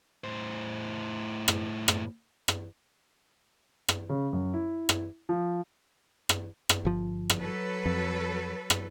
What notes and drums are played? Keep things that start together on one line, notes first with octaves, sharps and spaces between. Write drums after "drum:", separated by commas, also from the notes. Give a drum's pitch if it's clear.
A2 C5
drum: rim click
drum: rim click
drum: rim click
drum: rim click
C#3
F#2
E4
drum: rim click
F3
drum: rim click
drum: rim click
G1 F3
drum: rim click
F#3 A4 B4
F2
drum: rim click